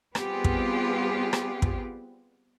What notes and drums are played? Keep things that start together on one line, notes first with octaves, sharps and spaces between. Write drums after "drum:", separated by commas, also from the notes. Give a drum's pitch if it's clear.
G3 B3 C4 F4 G4 G#4, drum: rim click
drum: kick
drum: rim click
drum: kick